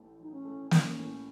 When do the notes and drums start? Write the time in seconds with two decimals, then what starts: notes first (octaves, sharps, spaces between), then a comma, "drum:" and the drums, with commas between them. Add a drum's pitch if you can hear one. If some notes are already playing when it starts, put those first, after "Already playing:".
Already playing: A1 A2 A3
0.19 F#3 D#4
0.32 C#4
0.45 A3
0.71 A1 C#4, drum: snare
0.97 A2